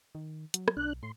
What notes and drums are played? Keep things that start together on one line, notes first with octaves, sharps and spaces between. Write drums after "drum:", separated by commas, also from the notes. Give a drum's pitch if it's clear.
D#3
F#3, drum: hi-hat
drum: rim click
B1 D4 F#6
A2 C6